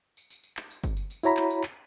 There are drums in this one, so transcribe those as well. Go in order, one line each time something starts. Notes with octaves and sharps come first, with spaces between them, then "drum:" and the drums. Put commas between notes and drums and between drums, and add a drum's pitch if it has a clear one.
drum: tambourine
drum: tambourine
drum: tambourine
drum: clap
drum: tambourine
drum: kick, tambourine
drum: tambourine
drum: tambourine
E4 F#4 C#5 A#5 B5, drum: tambourine
drum: clap
drum: tambourine
drum: clap